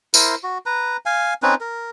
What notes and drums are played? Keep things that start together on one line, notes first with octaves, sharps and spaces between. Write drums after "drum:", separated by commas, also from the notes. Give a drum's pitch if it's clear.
E4 A#4 C5, drum: tambourine
F#4
B4 A#5
F5 G#5
C4 C#4 D#4 B4
A#4